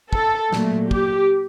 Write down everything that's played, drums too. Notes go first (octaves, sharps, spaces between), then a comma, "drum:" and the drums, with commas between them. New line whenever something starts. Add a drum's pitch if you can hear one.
A4, drum: kick
A#2 F#3 A3, drum: snare
G4, drum: kick